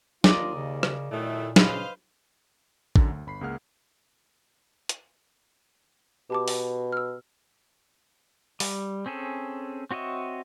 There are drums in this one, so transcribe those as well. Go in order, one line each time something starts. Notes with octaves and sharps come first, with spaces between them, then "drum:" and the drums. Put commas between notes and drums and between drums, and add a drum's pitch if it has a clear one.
D#2 F4 A#4 D5 D#5, drum: snare
C#3
drum: rim click
A#2 D#3 F#3 A3 E4
C#3 B4 C5 D#5 F5, drum: snare
F#2 D3, drum: kick A1
D2
G1 B5 C7
C#2 A#3 G#4 F#5 F6
drum: hi-hat
B2 G4 A5 D6
drum: open hi-hat
E6 F6
G3, drum: open hi-hat
C4 C#4 G#4 A4
C4 F#4 C#5 D#5 E5